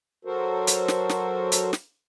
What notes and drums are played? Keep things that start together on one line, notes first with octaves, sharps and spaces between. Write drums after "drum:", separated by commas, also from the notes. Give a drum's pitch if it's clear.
F#3 F#4 A4 A#4 C5
drum: hi-hat
drum: snare
drum: snare
drum: hi-hat
drum: snare